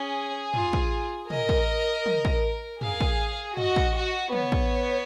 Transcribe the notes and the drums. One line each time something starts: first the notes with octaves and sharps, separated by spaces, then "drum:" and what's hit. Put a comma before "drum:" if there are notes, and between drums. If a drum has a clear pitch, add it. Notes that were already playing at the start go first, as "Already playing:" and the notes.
Already playing: C#4 G#4
F4, drum: tom
drum: kick
A#4 D#5, drum: tom
drum: kick
drum: tom
drum: kick
G#4 F5, drum: tom
drum: kick
F#4 D#5, drum: tom
drum: kick
F#4
B3 C#5, drum: tom
drum: kick